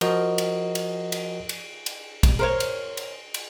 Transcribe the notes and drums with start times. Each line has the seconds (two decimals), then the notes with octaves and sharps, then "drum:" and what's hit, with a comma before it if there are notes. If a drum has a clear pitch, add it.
0.01 F3 F#4 A#4 D#5, drum: cymbal
0.38 drum: cymbal
0.75 drum: cymbal
1.12 drum: cymbal
1.49 drum: cymbal
1.86 drum: cymbal
2.23 drum: kick, cymbal
2.39 A#4 C5 C#5
2.60 drum: cymbal
2.97 drum: cymbal
3.34 drum: cymbal